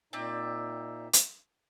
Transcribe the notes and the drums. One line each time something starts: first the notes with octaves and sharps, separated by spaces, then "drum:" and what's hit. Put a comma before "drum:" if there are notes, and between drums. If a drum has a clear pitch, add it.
A#2 C4 D#4 D5 E5
drum: hi-hat